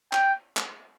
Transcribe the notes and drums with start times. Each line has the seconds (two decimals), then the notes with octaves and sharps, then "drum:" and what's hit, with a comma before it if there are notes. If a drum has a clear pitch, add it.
0.13 G5, drum: clap
0.57 drum: clap